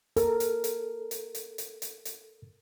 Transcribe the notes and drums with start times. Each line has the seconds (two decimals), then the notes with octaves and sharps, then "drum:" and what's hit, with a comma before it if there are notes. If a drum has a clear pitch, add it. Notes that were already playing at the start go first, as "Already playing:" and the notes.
0.17 A4 A#4, drum: hi-hat
0.40 drum: hi-hat
0.64 drum: hi-hat
1.11 drum: hi-hat
1.35 drum: hi-hat
1.58 drum: hi-hat
1.82 drum: hi-hat
2.05 drum: hi-hat